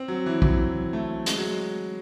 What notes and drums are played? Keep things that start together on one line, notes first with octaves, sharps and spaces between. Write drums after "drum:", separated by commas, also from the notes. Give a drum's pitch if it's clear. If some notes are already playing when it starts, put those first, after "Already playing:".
Already playing: C4
F#3
E3
F#3, drum: kick B1
A3
G#3, drum: hi-hat
F#3
G#3